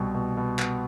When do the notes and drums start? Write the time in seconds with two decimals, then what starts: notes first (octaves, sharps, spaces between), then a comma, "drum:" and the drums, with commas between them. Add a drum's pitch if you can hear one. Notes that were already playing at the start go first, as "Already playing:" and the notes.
Already playing: C2 B2
0.14 B2
0.37 B2
0.59 B3, drum: clap